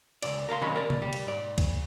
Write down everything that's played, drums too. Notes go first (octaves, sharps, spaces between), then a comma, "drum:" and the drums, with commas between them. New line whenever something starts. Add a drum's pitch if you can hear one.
C#2 G#2 D5, drum: cymbal
A#4 F5 A5 C6
B1 C3 D#3 C#4 D#5 B5
A#4 D5
drum: tom B2
G3
drum: cymbal
G#2 D5
drum: kick C2, cymbal